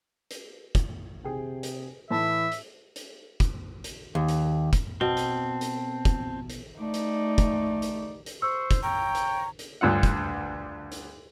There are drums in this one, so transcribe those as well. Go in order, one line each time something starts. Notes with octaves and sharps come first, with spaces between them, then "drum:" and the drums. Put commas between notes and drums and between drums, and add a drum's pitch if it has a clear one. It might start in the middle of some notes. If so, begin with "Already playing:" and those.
drum: hi-hat
drum: kick, hi-hat
C3 G#4 G5
drum: hi-hat
A2 E3 E5 A5
drum: hi-hat
drum: hi-hat
drum: kick, hi-hat
drum: hi-hat
D#2
drum: hi-hat
drum: kick, hi-hat
B2 C4 A5
drum: hi-hat
drum: hi-hat
drum: kick, hi-hat
drum: hi-hat
A3 D#4 D5
drum: hi-hat
drum: kick, hi-hat
drum: hi-hat
drum: hi-hat
C5 C#6 E6
drum: kick, hi-hat
C#5 G5 A#5
drum: hi-hat
drum: hi-hat
D2 G2 F4 F#5
drum: kick, hi-hat
drum: hi-hat